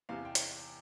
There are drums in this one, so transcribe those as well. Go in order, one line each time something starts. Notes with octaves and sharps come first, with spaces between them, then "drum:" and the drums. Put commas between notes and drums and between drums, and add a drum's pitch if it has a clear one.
E2 C3 E3 F5
G5
drum: hi-hat